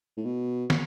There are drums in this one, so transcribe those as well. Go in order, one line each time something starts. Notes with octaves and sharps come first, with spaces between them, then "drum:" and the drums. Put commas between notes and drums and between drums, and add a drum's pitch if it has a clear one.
A2
B2
drum: snare